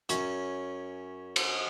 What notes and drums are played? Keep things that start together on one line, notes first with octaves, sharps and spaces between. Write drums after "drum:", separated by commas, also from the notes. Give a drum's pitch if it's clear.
F#2 C#4, drum: hi-hat
drum: cymbal